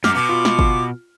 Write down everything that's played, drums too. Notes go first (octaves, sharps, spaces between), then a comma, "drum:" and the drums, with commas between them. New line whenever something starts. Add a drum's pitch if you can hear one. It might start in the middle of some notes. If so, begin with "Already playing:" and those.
F#2 D6 F6, drum: snare
B2 D6
F4
drum: snare
drum: kick